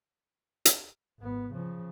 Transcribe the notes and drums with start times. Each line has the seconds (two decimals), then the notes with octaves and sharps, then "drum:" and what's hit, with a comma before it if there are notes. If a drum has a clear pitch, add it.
0.65 drum: hi-hat
1.20 G#1 B3
1.53 C#3 F3